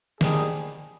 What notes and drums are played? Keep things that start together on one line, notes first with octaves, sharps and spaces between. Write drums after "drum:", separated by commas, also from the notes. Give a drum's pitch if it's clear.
G#2 D#3 G3 D4 G#4, drum: snare